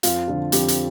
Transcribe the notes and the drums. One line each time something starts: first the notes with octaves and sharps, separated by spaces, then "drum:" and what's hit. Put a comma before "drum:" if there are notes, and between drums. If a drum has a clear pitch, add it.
F2 F4, drum: hi-hat
D3 F3
F2 G4, drum: hi-hat
drum: hi-hat